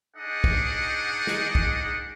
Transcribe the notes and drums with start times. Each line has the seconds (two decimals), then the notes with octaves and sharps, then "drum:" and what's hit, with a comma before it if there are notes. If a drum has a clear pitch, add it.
0.16 D4 D#4 G#4 D#5 F#5
0.44 drum: kick
1.27 drum: snare
1.55 drum: kick